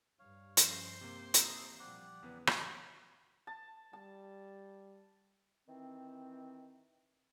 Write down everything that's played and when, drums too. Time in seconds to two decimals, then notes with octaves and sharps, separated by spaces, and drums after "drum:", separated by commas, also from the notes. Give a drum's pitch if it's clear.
0.19 G2 C#5 F5
0.57 F3 C#4 C5 C7, drum: hi-hat
1.01 C3 A#3 D6
1.34 E3 D#4 E4 A4, drum: hi-hat
1.80 A#2 F3 G3 G4 D5 F#5
2.23 E2 C#3 B3 B4
2.47 drum: rim click
3.47 A5
3.93 G3 A5
5.68 D#3 E3 C4